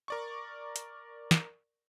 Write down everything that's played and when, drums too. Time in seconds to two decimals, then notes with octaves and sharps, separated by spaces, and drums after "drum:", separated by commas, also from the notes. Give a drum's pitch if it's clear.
0.08 A#4 D5 C#6
0.76 drum: hi-hat
1.31 drum: snare